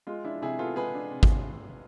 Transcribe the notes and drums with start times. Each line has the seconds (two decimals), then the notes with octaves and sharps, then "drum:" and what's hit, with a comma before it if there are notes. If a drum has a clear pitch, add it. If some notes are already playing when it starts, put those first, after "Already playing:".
0.07 G#3 F4
0.25 D4 E4
0.42 C3 E4 G#4
0.59 B3 F4 A4
0.76 G#3 G#4 B4
0.94 D4
1.11 C3
1.23 drum: kick G#1